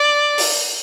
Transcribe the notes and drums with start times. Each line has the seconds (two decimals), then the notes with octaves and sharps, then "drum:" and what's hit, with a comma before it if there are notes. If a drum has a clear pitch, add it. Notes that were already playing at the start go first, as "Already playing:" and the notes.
Already playing: D5
0.38 drum: open hi-hat